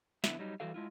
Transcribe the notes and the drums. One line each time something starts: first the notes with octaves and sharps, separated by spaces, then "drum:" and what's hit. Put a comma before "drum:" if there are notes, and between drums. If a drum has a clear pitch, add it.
F2 D3 D#3 B3 E4 E5, drum: snare
F#3 G3 D#4
E3 G3 F#4 A4 F5
G#3 E4 F4